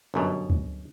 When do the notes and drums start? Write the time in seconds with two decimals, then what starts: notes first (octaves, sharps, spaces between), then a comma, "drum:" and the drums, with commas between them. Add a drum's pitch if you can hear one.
0.14 G1 F#2 B2
0.50 drum: kick C#2